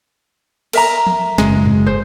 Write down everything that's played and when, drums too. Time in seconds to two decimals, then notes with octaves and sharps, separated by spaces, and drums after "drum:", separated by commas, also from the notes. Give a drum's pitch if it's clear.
0.73 A#4 E5 A#5, drum: cymbal
1.07 drum: tom
1.38 F#1 G#3, drum: snare
1.65 drum: tom G#2
1.86 C5